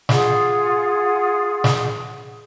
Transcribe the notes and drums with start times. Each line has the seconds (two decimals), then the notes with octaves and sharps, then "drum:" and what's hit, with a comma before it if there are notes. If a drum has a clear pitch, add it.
0.09 F4 G#4 F#5, drum: snare
1.64 drum: snare